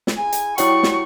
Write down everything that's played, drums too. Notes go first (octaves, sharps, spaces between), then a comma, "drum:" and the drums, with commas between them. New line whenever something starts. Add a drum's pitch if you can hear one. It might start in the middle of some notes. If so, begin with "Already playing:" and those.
drum: snare
E4 G#4 G#5
drum: hi-hat
G3 E4 F#4 C#5 G5 C#6, drum: hi-hat
drum: snare